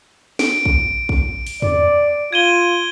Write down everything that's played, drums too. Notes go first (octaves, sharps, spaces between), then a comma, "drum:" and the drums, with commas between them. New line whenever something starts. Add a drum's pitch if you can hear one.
D7, drum: snare
drum: kick
drum: kick
drum: open hi-hat
D5, drum: tom E2
F4 G#6 D#7 G7